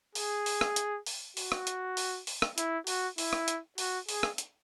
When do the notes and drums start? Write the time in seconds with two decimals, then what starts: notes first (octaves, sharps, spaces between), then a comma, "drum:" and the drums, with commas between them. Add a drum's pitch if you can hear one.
0.15 G#4, drum: open hi-hat
0.46 drum: open hi-hat
0.61 drum: rim click
0.76 drum: hi-hat
1.06 drum: open hi-hat
1.37 F#4, drum: open hi-hat
1.52 drum: rim click
1.67 drum: hi-hat
1.97 drum: open hi-hat
2.27 drum: open hi-hat
2.42 drum: rim click
2.58 E4, drum: hi-hat
2.87 F#4, drum: open hi-hat
3.18 E4, drum: open hi-hat
3.33 drum: rim click
3.48 drum: hi-hat
3.78 F#4, drum: open hi-hat
4.09 G#4, drum: open hi-hat
4.23 drum: rim click
4.38 drum: hi-hat